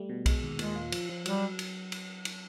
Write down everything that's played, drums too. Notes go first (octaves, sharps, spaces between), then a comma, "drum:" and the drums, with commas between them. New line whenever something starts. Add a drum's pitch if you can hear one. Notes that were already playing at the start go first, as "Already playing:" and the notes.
Already playing: G3 A3
B2
G#3, drum: kick B1, cymbal
D#2
A#2 G#3, drum: cymbal
F4
F3, drum: cymbal
F3
F#3 G3, drum: cymbal
drum: cymbal
drum: cymbal
drum: cymbal